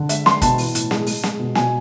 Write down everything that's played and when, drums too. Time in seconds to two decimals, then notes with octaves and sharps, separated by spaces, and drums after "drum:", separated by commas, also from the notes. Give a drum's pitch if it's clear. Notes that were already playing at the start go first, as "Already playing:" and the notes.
Already playing: D3
0.09 G#3 E5, drum: hi-hat
0.26 G#3 C6, drum: snare
0.42 B2 A5, drum: kick, hi-hat
0.58 E3, drum: open hi-hat
0.75 A2, drum: hi-hat
0.91 G#3, drum: snare
1.06 G#3, drum: open hi-hat
1.23 G#3, drum: snare
1.39 B2
1.55 B2 G#5, drum: snare